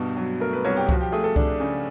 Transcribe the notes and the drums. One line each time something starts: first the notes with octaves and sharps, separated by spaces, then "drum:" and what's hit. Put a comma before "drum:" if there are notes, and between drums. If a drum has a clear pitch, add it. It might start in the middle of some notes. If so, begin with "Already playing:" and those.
Already playing: G2 B2
F#3
A3 A#4
B4
C2 C#5
G4
F3 F#4, drum: kick C2
G4
A3 G#4
A4
D4, drum: kick C2
C#3